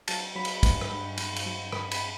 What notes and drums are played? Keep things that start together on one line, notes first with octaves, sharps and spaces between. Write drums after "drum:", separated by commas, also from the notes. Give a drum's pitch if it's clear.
F#3 A5, drum: cymbal
F#3 B5
drum: cymbal
G2, drum: kick, cymbal
drum: rim click
G2
F#3, drum: cymbal
drum: cymbal
F#3
G2 B5, drum: rim click
B5, drum: cymbal